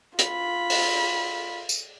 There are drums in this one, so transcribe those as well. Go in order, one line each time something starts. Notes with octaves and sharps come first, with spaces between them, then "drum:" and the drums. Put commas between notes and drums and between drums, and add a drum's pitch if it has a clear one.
F4 B5, drum: hi-hat
drum: open hi-hat
drum: tambourine